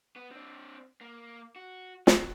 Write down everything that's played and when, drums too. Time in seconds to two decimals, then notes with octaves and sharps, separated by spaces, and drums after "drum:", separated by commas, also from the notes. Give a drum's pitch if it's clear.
0.16 B3
0.31 C4 D4
1.01 A#3
1.56 F#4
2.07 F#3, drum: snare